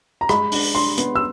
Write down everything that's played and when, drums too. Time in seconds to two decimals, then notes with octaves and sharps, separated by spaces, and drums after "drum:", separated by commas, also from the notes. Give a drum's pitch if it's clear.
0.21 A#5
0.29 G#3 B5, drum: rim click
0.52 D4, drum: open hi-hat
0.75 D4 C6
0.98 B3, drum: hi-hat
1.16 E6